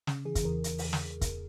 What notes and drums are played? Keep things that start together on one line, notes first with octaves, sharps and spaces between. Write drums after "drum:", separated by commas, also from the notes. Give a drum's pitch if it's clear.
C#3, drum: snare
E3 G#4
drum: kick, hi-hat
E2 A#4
drum: hi-hat
drum: open hi-hat
drum: snare
drum: kick, hi-hat